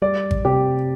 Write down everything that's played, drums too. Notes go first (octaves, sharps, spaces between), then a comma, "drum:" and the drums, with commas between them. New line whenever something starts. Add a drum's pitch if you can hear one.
G3 D5
drum: kick G#1
C3 G4